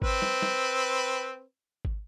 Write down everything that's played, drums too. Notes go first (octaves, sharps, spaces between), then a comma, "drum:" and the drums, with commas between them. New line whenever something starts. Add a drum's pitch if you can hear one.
C4 B4, drum: kick G#1
drum: snare
drum: snare
drum: kick G#1